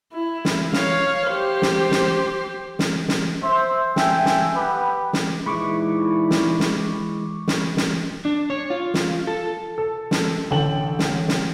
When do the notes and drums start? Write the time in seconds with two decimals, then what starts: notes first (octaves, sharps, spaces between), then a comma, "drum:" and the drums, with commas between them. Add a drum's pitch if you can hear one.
0.13 E4
0.45 drum: snare
0.73 C#5 F5, drum: snare
1.28 G4 C5
1.62 drum: snare
1.91 drum: snare
2.79 drum: snare
3.08 drum: snare
3.42 C5 E5
3.96 A4 E5 G5 G#5, drum: snare
4.25 drum: snare
4.54 B3 G4 B4
5.13 drum: snare
5.46 A#2 E3 G#3 D#4 E4 B5 C#6 D6
6.30 drum: snare
6.60 drum: snare
7.48 drum: snare
7.77 drum: snare
8.25 D4
8.50 C#5
8.70 F4
8.94 drum: snare
9.27 A4
9.78 A4
10.11 drum: snare
10.51 A1 D3 A4 G5 F#7
10.99 drum: snare
11.28 drum: snare